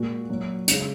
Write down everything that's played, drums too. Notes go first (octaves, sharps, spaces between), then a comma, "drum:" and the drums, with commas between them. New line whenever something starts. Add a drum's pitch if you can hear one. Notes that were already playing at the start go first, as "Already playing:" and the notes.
Already playing: A#2 G#3 F#4
A#2 F#3
C#3 G#3, drum: hi-hat